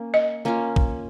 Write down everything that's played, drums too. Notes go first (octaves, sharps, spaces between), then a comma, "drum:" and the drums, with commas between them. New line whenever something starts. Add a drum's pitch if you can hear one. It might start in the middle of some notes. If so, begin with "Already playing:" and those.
Already playing: A#3 C#4
D#5
A#3 C#4 F4
drum: kick